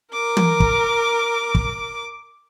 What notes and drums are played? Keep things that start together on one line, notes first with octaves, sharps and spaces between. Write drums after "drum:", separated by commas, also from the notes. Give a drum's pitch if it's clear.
A#4 D6
drum: tom
drum: kick
drum: kick